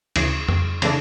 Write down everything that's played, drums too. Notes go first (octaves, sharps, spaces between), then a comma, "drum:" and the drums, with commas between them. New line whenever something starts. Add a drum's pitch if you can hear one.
D2 C#3 E3, drum: cymbal
drum: tom F2
C#3 E3 A3 D4, drum: cymbal